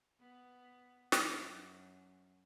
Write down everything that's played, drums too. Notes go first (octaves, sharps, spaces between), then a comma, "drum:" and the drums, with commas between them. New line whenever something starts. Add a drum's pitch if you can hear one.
B3
F#2, drum: snare